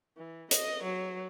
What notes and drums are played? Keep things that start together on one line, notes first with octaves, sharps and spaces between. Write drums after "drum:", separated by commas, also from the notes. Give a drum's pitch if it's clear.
E3
D#5, drum: hi-hat
F#3